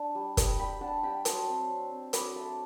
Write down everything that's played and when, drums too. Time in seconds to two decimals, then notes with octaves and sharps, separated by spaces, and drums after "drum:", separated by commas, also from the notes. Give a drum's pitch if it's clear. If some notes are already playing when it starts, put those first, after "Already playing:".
Already playing: D4 A5
0.15 G3
0.37 G3, drum: kick, hi-hat
0.59 G3 G5 B5
0.81 D4 F#5 A5
1.03 G3 G5 B5
1.25 F#3 A5 C6, drum: hi-hat
1.48 C4
1.70 C4
1.91 C4
2.13 F#3 B5 D6, drum: hi-hat
2.35 A3 A5 C6